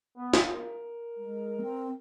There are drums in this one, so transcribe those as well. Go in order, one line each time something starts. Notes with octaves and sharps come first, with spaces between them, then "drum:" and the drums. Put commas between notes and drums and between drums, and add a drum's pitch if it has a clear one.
B3
drum: snare
A#4
G#3
C4